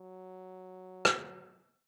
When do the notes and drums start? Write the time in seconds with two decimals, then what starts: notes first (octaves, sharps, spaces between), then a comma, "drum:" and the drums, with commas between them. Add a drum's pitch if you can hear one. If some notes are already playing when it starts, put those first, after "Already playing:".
Already playing: F#3
1.05 drum: rim click